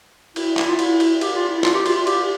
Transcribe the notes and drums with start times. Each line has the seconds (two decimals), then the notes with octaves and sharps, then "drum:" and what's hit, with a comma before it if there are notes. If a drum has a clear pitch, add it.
0.36 E4, drum: cymbal
0.57 E4, drum: clap
0.68 F4
0.79 E4, drum: cymbal
1.00 drum: cymbal
1.21 G4, drum: cymbal
1.36 F4
1.49 E4
1.64 F4, drum: clap
1.75 G4
1.86 F4, drum: cymbal
1.97 F4
2.07 G4, drum: cymbal